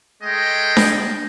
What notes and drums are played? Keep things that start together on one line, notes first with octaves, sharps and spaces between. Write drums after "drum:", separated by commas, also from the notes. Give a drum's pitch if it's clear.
G#3 A3 D#5 G5
drum: snare D4